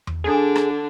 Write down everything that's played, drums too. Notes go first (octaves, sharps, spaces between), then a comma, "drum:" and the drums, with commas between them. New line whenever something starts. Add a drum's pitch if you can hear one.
drum: tom E2
D3 D4 G#4
drum: rim click